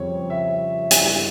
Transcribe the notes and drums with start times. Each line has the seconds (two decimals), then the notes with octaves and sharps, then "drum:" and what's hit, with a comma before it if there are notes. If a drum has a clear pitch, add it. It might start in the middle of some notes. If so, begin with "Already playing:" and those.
Already playing: F2 C#3 G3 C4 C#5
0.30 E5
0.91 G2 E3 G3, drum: hi-hat